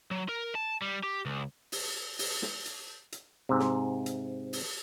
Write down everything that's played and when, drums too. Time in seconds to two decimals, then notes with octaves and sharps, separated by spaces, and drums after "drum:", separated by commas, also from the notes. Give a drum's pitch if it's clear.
0.11 F#3
0.29 A#4
0.55 A5
0.82 G3
1.04 G4
1.26 C#2
1.72 drum: open hi-hat
2.19 drum: open hi-hat
2.42 drum: snare
2.66 drum: hi-hat
3.12 drum: hi-hat
3.49 G#2 C3
3.59 drum: snare
4.06 drum: hi-hat
4.53 drum: open hi-hat